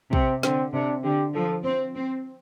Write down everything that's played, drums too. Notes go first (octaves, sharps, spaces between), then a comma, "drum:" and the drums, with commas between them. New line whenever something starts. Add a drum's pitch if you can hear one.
C3 C4, drum: kick
D3 C4, drum: snare
C3 D4
D3 G4
F3 A4
C4 C5
C4